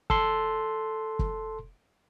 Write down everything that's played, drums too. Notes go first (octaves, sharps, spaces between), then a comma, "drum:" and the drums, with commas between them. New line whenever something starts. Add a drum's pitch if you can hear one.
A4 C6, drum: kick
drum: kick